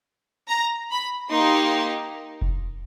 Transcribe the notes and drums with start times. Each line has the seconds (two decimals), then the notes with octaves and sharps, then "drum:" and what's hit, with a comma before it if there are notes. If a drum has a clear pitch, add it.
0.48 A#5
0.91 B5
1.31 A#3 D#4 G4 C6
2.42 drum: kick F1